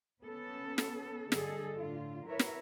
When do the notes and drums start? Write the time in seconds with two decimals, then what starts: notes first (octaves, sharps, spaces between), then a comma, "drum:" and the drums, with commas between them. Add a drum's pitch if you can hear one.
0.22 B3 C#4 A4
0.78 drum: snare
1.32 G2 D3 G#4 A4 D#5, drum: snare
1.77 A2 D3 F4
2.27 E4 A#4 B4 C#5 E5
2.39 drum: snare